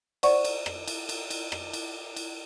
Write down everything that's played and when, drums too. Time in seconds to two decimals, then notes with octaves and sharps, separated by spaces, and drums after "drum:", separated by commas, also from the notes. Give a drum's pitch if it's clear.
0.23 C5 D5 F#5 C#6, drum: cymbal
0.45 drum: cymbal
0.66 drum: rim click
0.88 drum: cymbal
1.09 drum: cymbal
1.30 drum: cymbal
1.52 drum: rim click
1.73 drum: cymbal
2.16 drum: cymbal